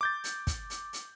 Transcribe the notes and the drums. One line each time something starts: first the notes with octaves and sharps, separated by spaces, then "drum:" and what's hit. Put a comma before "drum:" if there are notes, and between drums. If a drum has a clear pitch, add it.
D6 G6 A6
drum: hi-hat
drum: kick, hi-hat
drum: hi-hat
drum: hi-hat